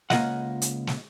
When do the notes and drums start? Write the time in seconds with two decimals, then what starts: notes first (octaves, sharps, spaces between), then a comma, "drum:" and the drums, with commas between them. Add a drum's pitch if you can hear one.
0.10 C#2 A#3 F4 D#5 F#5, drum: snare
0.62 drum: hi-hat
0.87 drum: snare